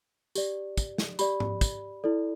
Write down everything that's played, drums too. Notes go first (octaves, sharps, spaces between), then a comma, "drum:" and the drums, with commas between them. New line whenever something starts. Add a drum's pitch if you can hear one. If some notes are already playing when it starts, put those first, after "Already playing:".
G4 D5, drum: tambourine
drum: kick, tambourine
drum: snare
G4 D5 B5, drum: tambourine
drum: tom G#2
drum: kick, tambourine
E4 A4 D5